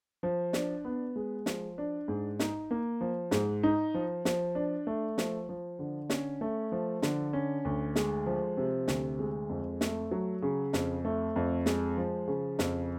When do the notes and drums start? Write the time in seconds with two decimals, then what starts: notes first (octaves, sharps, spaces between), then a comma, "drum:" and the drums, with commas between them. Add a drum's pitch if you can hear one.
0.23 F3
0.53 D4, drum: snare
0.85 B3
1.16 G#3
1.46 F3, drum: snare
1.78 D4
2.08 G#2
2.39 D#4, drum: snare
2.71 A#3
3.01 F3
3.31 G#2, drum: snare
3.63 D#4
3.94 F3
4.25 F3, drum: snare
4.55 D4
4.87 A3
5.18 F3, drum: snare
5.49 F3
5.79 D3
6.10 C#4, drum: snare
6.41 A3
6.72 F3
7.02 D3, drum: snare
7.33 C#4
7.65 D2
7.96 G#3, drum: snare
8.26 F3
8.57 C3
8.88 D2, drum: snare
9.19 G#3
9.49 F2
9.81 A3, drum: snare
10.11 F#3
10.42 C#3
10.73 F2, drum: snare
11.05 A3
11.36 F2
11.66 G#3, drum: snare
11.97 F3
12.28 C#3
12.59 F2, drum: snare